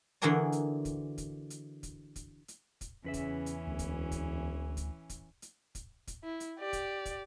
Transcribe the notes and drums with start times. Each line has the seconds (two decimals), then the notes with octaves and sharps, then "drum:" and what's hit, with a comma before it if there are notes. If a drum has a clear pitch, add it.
0.22 D3 E3 F#4 G#4 A#4 D5
0.52 drum: hi-hat
0.85 drum: kick, hi-hat
1.18 drum: kick, hi-hat
1.50 drum: hi-hat
1.83 drum: kick, hi-hat
2.16 drum: kick, hi-hat
2.48 drum: hi-hat
2.81 drum: kick, hi-hat
3.04 E2 C#3 E3 C#4 B4 E5
3.14 drum: kick, hi-hat
3.46 drum: hi-hat
3.67 E1 D2
3.79 drum: kick, hi-hat
4.12 drum: kick, hi-hat
4.77 drum: kick, hi-hat
5.10 drum: kick, hi-hat
5.42 drum: hi-hat
5.75 drum: kick, hi-hat
6.07 drum: kick, hi-hat
6.24 E4
6.40 drum: hi-hat
6.60 G4 D5
6.73 drum: kick, hi-hat
7.05 drum: kick, hi-hat